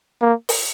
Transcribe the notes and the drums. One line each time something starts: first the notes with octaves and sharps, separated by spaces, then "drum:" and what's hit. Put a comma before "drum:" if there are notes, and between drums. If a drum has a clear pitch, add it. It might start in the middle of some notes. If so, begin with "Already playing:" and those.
A#3
drum: open hi-hat